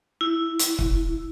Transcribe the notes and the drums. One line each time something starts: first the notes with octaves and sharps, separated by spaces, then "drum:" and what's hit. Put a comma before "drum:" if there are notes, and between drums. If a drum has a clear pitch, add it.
E4
drum: hi-hat
drum: kick